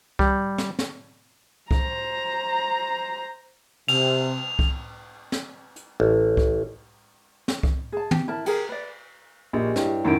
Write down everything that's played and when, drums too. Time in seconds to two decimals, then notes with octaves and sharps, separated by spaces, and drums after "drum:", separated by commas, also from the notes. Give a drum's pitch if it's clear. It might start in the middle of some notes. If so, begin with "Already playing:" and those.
0.19 G3, drum: kick C2
0.58 drum: snare
0.79 drum: snare
1.71 C5 A#5, drum: kick C2
3.88 C3 F7, drum: cymbal
4.59 drum: kick C2
5.32 drum: snare
5.76 drum: hi-hat
6.00 A1
6.37 drum: kick C2
7.48 drum: snare
7.63 drum: kick C2
7.92 G#4 A5
8.11 G4, drum: tom
8.28 E4 A#4 A5
8.46 G4 G#4 A#4, drum: cymbal
8.69 B4 D5
9.53 A#1 G4 G#4 D#5
9.76 G2 E4 C#5 G5, drum: snare
10.04 F#2 A2 D#3 F4 F#5 D7